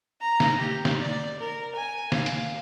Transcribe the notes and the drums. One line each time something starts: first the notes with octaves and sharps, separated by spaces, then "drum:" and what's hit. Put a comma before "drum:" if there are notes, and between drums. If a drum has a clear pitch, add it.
A#5
drum: snare
G4
drum: snare
D5
A#4
G#5
F5, drum: snare
drum: hi-hat